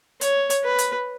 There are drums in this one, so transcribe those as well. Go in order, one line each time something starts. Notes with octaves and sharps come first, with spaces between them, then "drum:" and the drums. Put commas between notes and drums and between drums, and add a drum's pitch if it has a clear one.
C#5, drum: hi-hat
drum: hi-hat
B4
drum: hi-hat